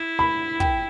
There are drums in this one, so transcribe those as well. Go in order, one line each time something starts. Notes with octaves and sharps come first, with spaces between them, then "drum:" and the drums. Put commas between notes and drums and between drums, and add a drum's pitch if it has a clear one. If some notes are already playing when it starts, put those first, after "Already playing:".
Already playing: E4
B5
G5, drum: kick